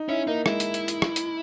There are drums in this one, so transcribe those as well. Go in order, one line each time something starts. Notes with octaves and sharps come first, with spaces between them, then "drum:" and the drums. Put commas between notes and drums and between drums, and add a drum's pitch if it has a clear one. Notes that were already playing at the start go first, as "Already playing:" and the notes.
Already playing: D#4
C#4 E4
A#3 D#4
G#3 E4, drum: rim click
drum: hi-hat
drum: hi-hat
drum: hi-hat
drum: rim click
drum: hi-hat